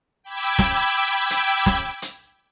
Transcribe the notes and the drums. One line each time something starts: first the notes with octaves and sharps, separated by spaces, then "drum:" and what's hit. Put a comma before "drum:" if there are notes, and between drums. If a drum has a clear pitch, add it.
G5 B5 D6 E6 G#6
drum: snare
drum: hi-hat
drum: snare
drum: hi-hat